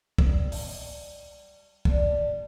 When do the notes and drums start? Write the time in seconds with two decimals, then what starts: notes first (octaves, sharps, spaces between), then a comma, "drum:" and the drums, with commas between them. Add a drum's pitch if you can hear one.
0.18 G3, drum: kick
0.52 drum: open hi-hat
1.85 G3 D4, drum: kick